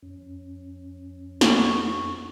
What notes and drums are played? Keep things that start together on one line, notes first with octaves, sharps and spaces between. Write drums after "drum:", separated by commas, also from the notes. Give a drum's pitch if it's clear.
F2 C#4
C#6, drum: snare